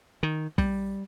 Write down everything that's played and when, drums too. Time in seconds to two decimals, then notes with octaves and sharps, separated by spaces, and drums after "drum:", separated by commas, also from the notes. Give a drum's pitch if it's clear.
0.23 D#3
0.58 G3, drum: kick